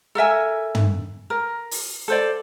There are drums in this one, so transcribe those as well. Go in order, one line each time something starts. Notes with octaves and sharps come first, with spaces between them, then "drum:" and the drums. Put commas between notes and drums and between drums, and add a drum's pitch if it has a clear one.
A4 A#4 E5 G#5
drum: tom
A#4
drum: open hi-hat
A4 C5 D5